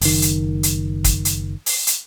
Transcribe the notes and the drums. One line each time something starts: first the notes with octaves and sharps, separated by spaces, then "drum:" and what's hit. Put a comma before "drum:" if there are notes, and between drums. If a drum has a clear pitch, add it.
F#1 D#3, drum: open hi-hat
drum: hi-hat
drum: hi-hat
drum: kick, hi-hat
drum: hi-hat
drum: open hi-hat
drum: hi-hat